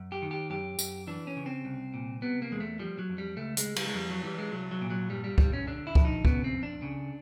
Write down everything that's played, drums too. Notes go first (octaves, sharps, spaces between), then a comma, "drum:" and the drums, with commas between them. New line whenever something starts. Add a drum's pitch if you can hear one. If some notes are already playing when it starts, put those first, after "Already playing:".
Already playing: F#2
G4
D#3
G4
F#2 G4
F#2, drum: tambourine
E3 D4
C#4
C#3
C4
C2
A#2
C3 B3
A#3
E2 G#3
A3
F3 G3
F#3
F2
G3
C#2 A3
G#3, drum: hi-hat
C#2
G3, drum: cymbal
G#3
F2 G3
F#3
E3 G3
G#3
C2 F#3
F#3
A#2
F#3
G2 G3
G3
G2 G3, drum: kick C#2
C#4
D3 D4
E4
F3, drum: kick C#2
D#4
C#3 B3, drum: kick C#2
C4
F2
D4
C#3